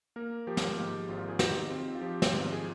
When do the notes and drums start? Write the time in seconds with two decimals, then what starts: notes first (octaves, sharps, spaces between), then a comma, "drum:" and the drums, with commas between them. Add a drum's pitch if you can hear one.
0.16 A#3 A#4
0.47 F3 G4
0.57 drum: snare
0.78 G#2 G4
1.09 G#1 F4
1.28 G#4
1.39 D#4 G4, drum: snare
1.70 C4 F4
1.95 F4
2.01 F3 G4
2.22 drum: snare
2.32 G#2 F4
2.52 G#4